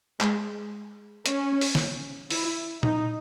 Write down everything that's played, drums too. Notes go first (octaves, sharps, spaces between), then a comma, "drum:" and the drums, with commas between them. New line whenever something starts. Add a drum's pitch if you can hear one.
G#3, drum: clap
C#4, drum: hi-hat
drum: open hi-hat
drum: snare
E4, drum: open hi-hat
D#4, drum: tom A#2